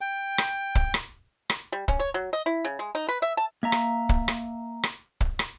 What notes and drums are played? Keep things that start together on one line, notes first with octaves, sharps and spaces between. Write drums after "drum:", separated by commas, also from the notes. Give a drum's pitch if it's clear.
G5
drum: rim click
drum: kick
drum: rim click
drum: rim click
G3
C#4, drum: kick
C#5
F#3
D#5
E4
C#3
G#3
D#4
B4
E5
A5
A#3 E5 A#5
drum: rim click
drum: kick
drum: rim click
drum: rim click
drum: kick
drum: rim click